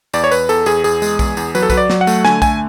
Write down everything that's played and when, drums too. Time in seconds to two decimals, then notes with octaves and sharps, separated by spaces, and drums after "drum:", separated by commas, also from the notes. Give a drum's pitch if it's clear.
0.14 E2 D5, drum: tambourine
0.24 C#5
0.31 E2 B4, drum: tambourine
0.49 E2 A4, drum: tambourine
0.66 E2 G#4, drum: tambourine
0.84 E2 G#4, drum: tambourine
1.02 G#3, drum: tambourine
1.19 E2, drum: kick B1, tambourine
1.37 E2, drum: tambourine
1.55 F#3 B4, drum: tambourine
1.63 A4
1.70 F#3 B4, drum: kick B1, tambourine
1.77 D5
1.90 F#3, drum: snare
2.01 F#5
2.07 A3, drum: tambourine
2.25 D3 G#5, drum: snare
2.42 A3 G#5, drum: kick B1, tambourine